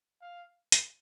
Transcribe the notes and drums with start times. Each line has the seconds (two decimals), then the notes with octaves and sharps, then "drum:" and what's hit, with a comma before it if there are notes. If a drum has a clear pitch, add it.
0.22 F5
0.72 drum: hi-hat